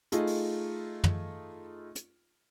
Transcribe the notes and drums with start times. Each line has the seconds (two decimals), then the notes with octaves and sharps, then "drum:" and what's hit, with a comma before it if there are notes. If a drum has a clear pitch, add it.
0.12 A3 D#4 F4 G#4, drum: hi-hat
0.27 drum: open hi-hat
1.04 drum: tom
1.96 drum: hi-hat